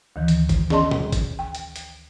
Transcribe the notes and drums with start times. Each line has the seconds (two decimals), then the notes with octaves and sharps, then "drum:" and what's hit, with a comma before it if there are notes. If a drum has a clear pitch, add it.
0.16 D2 D#3 E3
0.28 drum: hi-hat
0.49 drum: kick G1, hi-hat
0.70 C#4 G#4 D5 D#5 A5 C6, drum: snare
0.91 drum: tom A#2
1.12 drum: kick G1, hi-hat
1.39 G5
1.55 drum: hi-hat
1.76 drum: hi-hat